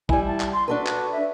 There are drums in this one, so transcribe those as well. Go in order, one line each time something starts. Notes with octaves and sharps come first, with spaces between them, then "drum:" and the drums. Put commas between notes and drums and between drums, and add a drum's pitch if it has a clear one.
G3 E4 G#5, drum: kick
A5
drum: clap
C6
D4 F#4 A4 B4
drum: clap
E5